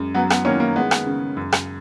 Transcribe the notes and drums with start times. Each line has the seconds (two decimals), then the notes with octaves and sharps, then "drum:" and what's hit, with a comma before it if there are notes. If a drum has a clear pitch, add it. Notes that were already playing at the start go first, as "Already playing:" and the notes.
Already playing: F#2 G#3
0.14 F#3 B3
0.30 B3, drum: rim click
0.45 D#3 A#3 C#4
0.60 A#3
0.76 G#3 B3
0.91 drum: rim click
1.06 C#3
1.37 F#2
1.52 drum: rim click